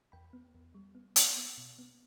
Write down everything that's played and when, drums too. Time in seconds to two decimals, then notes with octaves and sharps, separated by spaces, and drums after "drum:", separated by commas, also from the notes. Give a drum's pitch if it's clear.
0.12 E2 G5 B5
0.33 B3
0.55 E2
0.75 G3
0.95 B3
1.16 B3, drum: hi-hat
1.37 B3
1.58 B2
1.79 B3